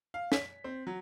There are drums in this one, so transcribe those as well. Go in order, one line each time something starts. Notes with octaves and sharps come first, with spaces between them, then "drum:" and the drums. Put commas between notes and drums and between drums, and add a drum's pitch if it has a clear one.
F5
B6, drum: snare
C4
F#3